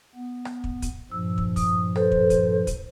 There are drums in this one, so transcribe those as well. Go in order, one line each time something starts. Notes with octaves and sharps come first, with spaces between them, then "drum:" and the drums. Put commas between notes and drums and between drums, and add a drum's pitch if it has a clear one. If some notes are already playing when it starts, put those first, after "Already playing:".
B3
drum: rim click
drum: kick
drum: kick, hi-hat
G2 A#2 F3 E6
drum: kick
D#6, drum: kick, open hi-hat
A4 B4 C5, drum: rim click
drum: kick
drum: kick, hi-hat
drum: kick, hi-hat